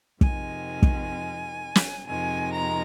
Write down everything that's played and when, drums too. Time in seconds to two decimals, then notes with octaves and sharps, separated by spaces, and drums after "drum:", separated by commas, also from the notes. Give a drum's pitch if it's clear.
0.21 F2 C3 D#3 G#3 G#5, drum: kick
0.83 drum: kick
1.75 drum: snare
2.07 F2 C3 D#3 G#3 G#5
2.53 A#5